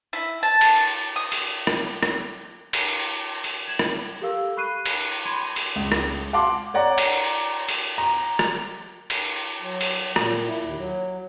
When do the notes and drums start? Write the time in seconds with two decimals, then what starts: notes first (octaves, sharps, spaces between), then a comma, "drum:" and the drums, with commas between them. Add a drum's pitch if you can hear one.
0.13 E4
0.43 A5
0.61 drum: cymbal
1.16 D#6
1.32 drum: cymbal
1.67 drum: rim click
2.03 drum: rim click
2.73 drum: cymbal
3.44 drum: cymbal
3.68 G#6 E7 F#7
3.79 drum: rim click
4.21 G4 A4 A#4 F5 E6
4.57 B5 C#6 F#6 C7 D#7
4.86 drum: cymbal
5.25 B5 C6 G#6 D#7
5.56 drum: cymbal
5.76 C#2
5.92 drum: rim click
6.33 F5 F#5 A5 C6 D6
6.74 C#5 D5 F#5 A#5
6.98 drum: cymbal
7.68 drum: cymbal
7.98 A#5
8.39 drum: rim click
9.10 drum: cymbal
9.62 F#3
9.81 drum: cymbal
10.16 A#2, drum: rim click
10.47 E4
10.61 D#2
10.78 F#3